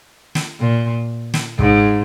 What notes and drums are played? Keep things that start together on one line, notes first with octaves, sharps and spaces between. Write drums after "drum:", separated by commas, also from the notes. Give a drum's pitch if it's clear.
drum: snare
A#2
drum: snare
G#2, drum: kick